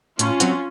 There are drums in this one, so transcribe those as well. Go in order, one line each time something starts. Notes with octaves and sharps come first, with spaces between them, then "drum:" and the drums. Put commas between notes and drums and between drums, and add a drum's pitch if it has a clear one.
A2 C#4 F4, drum: hi-hat
F#3 C4 F#4, drum: hi-hat